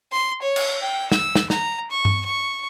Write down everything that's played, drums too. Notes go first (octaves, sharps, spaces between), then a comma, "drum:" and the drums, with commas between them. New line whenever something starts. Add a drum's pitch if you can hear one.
C6
C#5
drum: cymbal
G5
E6, drum: snare
drum: snare
A#5, drum: snare
C#6
drum: tom G2
C#6